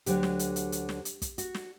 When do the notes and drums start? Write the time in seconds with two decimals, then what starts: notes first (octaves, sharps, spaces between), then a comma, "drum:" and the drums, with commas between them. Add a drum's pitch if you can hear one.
0.06 D2 D3 F#3 G4, drum: hi-hat
0.23 drum: snare
0.39 drum: hi-hat
0.56 drum: hi-hat
0.72 drum: hi-hat
0.89 drum: snare
1.05 drum: hi-hat
1.22 drum: kick, hi-hat
1.38 F#4, drum: hi-hat
1.54 drum: snare